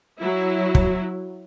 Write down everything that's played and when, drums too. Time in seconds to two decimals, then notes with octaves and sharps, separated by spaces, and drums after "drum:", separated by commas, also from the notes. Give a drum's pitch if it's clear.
0.19 F#3 E4
0.75 drum: kick